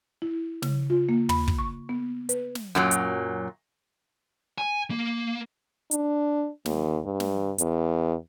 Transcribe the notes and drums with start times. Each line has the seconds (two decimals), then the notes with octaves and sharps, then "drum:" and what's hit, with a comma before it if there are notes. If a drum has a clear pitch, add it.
0.22 E4
0.62 C#3, drum: snare
0.90 F4
1.09 A#3
1.29 B5, drum: tom
1.48 drum: kick
1.58 C#6
1.89 B3
2.29 B4, drum: hi-hat
2.55 drum: snare
2.75 F#2 A#2 F#3
2.91 drum: hi-hat
4.58 G#5
4.90 A#3
5.91 D4, drum: hi-hat
6.65 D#2, drum: snare
7.05 G2
7.20 drum: snare
7.58 E2, drum: hi-hat